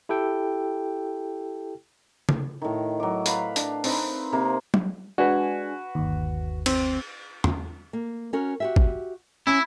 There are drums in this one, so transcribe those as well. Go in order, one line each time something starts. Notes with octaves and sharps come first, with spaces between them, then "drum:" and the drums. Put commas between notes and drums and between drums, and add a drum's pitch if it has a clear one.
E4 G4 A4 G5
drum: tom C#3
A2 D#3
F#3 D6
B4 F5 B5, drum: hi-hat
D4, drum: hi-hat
C4 D#4 A#4 B4, drum: open hi-hat
C3 A#3 C5
drum: tom F#3
G#3 D4 F#4 B4 G#5
G1 D#2
C4, drum: cymbal
drum: tom E2
A#3
C#4 F#4 A#4
F#4 G4 E5
drum: kick
C#4 E4